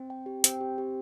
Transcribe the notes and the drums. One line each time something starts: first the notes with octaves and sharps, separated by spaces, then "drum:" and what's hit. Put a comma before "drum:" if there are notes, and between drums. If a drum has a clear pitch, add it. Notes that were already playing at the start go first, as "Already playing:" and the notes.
Already playing: C4
G5
G4
C4 G5, drum: hi-hat
G4
G4